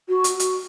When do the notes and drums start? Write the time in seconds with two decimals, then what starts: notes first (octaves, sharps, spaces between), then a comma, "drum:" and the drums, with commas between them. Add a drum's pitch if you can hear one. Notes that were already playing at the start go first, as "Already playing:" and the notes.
0.09 F#4
0.24 drum: hi-hat
0.40 drum: hi-hat